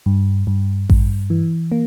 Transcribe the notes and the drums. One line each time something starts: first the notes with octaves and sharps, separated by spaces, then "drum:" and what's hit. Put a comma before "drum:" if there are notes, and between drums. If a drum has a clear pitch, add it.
G2
G2
G2, drum: kick A1
E3
A#3